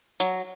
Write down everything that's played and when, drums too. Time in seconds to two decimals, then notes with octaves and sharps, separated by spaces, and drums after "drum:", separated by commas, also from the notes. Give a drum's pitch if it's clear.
0.20 F#3, drum: hi-hat